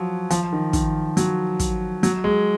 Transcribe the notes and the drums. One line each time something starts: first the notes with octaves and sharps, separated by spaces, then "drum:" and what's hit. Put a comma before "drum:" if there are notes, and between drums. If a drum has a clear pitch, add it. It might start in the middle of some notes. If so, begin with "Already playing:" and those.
Already playing: F3 F#3
F3, drum: hi-hat
D#3
D#3, drum: kick, hi-hat
F#3, drum: hi-hat
drum: kick, hi-hat
F#3, drum: hi-hat
G#3